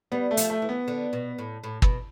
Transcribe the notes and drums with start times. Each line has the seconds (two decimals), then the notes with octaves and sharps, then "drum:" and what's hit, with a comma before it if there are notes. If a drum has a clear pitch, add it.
0.12 G3 B3
0.31 A3
0.37 F3, drum: hi-hat
0.50 A3
0.62 E3
0.69 B3
0.88 D3
1.13 B2
1.39 A2
1.64 A2
1.82 B2, drum: kick